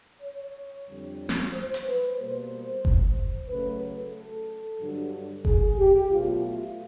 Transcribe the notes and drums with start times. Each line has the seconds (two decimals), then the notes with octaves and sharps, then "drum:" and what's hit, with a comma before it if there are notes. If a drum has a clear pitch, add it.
0.22 C#5
0.87 F2 D3 G3
1.29 drum: snare
1.52 C5
1.74 drum: hi-hat
1.85 B4
2.18 B2 G3 A#3 C5
2.85 drum: kick F#1
3.49 C#3 F#3 A3 B4
4.15 A4
4.80 G2 D3 F#3
5.45 G#4, drum: kick F#1
5.78 G4
6.10 B2 F#3 A3 F4
6.44 F4